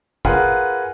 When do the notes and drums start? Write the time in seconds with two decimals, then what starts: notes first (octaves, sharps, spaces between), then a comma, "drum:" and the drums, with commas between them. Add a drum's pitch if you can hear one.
0.25 F4 G#4 A#4 B4 F#5, drum: kick